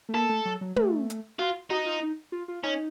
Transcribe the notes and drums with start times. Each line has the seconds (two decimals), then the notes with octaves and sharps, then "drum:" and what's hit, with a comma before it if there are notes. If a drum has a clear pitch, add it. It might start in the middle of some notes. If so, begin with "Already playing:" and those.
0.09 A3
0.14 A#3 A4
0.29 A3
0.45 F#3
0.61 F#3
0.76 A3, drum: tom
1.10 drum: hi-hat
1.39 F4 F#4
1.70 D#4 F#4
1.86 F4
2.01 D#4
2.32 F4
2.48 F4
2.64 C#4 D#4